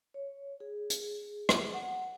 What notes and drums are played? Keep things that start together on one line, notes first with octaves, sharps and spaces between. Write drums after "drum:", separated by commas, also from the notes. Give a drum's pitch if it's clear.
C#5
G#4
drum: hi-hat
drum: rim click
F#5